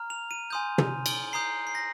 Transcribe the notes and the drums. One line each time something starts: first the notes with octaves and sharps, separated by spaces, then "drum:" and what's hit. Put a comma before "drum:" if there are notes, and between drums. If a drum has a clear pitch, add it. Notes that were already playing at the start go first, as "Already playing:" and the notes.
Already playing: A#5 F6
F7
D#7
G#5 C6 D#6 G6
drum: tom
drum: cymbal
A#5 D#6 G6 C7
C7
A#6